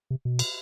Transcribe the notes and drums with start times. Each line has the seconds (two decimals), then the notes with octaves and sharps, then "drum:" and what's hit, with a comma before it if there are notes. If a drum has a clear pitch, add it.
0.11 C3
0.25 B2
0.39 drum: cymbal